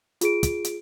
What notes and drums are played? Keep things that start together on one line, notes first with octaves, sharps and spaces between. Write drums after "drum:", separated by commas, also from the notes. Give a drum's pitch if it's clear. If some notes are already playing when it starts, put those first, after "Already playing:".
F4 G#4 D7, drum: hi-hat
drum: kick, hi-hat
drum: hi-hat